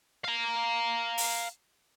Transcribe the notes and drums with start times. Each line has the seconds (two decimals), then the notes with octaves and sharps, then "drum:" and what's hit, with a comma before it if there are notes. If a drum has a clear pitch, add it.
0.24 F5 A#5
1.18 drum: open hi-hat